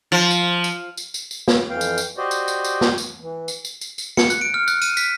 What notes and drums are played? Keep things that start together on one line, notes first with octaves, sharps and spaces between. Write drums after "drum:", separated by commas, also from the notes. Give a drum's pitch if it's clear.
F3
drum: tambourine
drum: tambourine
drum: tambourine
drum: tambourine
drum: tambourine
drum: snare
F2 E3 F5 G5
drum: tambourine
drum: tambourine
F#4 G4 C5 D5 D#5
drum: tambourine
drum: tambourine
drum: tambourine
drum: snare
drum: tambourine
E3
drum: tambourine
drum: tambourine
drum: tambourine
drum: tambourine
C#7, drum: snare
F#6, drum: tambourine
D7
F6
F#6, drum: tambourine
D#7, drum: tambourine
B6, drum: tambourine